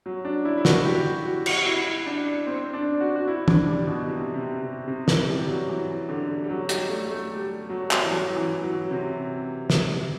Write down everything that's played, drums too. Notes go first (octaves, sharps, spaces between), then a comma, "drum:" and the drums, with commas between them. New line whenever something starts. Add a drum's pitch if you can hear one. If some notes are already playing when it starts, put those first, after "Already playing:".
F#3
D4
E4
E4
F#4, drum: snare
G4
F#4
F#4
F#4, drum: cymbal
E4
D4
C4
D4
F#4
F#4
E4
D4, drum: tom
G3
B2
C3
C3
C3
C3
E3, drum: snare
G3
F#3
E3
D3
G3
F#3
G3, drum: hi-hat
A3
A3
G3
F#3
drum: clap
E3
F#3
E3
F#3
C3
drum: snare